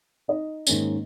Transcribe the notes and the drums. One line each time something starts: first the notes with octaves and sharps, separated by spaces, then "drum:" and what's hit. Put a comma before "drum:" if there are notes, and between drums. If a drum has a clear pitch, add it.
D#4 D#5
G#2 D#3 A#3 C#4, drum: tambourine